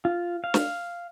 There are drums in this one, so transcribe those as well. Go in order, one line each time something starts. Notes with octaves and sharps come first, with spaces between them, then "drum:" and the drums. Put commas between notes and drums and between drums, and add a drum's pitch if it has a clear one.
F4
F5
drum: snare